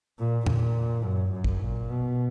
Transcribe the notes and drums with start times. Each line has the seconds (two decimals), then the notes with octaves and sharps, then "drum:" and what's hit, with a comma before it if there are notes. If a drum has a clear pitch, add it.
0.19 A#2
0.46 A#2, drum: tom E2
1.03 F#2
1.32 F#2
1.44 drum: kick
1.61 A#2
1.90 B2